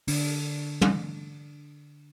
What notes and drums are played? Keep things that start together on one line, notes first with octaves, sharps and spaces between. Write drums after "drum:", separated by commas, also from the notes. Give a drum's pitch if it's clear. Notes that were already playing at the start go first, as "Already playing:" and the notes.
D3 D4, drum: open hi-hat
drum: tom